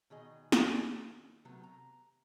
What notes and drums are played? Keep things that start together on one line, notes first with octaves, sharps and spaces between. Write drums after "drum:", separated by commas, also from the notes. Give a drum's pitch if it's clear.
B2 D#3 G#4 D#5
drum: snare
C3 D#3 F#3 A3 B3
A#5